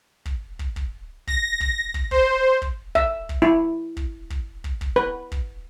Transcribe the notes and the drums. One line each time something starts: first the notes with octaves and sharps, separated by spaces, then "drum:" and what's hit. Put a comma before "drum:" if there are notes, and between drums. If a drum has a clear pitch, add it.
drum: kick
drum: kick
drum: kick
A#6, drum: kick
drum: kick
drum: kick
C5, drum: kick
drum: kick
E5, drum: kick
drum: kick
E4
drum: kick
drum: kick
drum: kick
drum: kick
B4
drum: kick